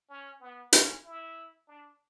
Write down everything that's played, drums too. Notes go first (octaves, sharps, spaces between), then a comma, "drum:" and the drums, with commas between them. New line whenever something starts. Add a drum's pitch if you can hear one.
C#4
B3
C#4, drum: hi-hat
E4
D4